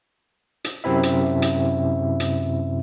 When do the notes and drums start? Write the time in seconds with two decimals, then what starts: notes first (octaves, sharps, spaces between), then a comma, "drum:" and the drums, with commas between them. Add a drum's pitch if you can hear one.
0.64 drum: hi-hat
0.84 F#2 C3 C4 E4 E5
1.03 drum: hi-hat
1.42 drum: hi-hat
2.20 drum: hi-hat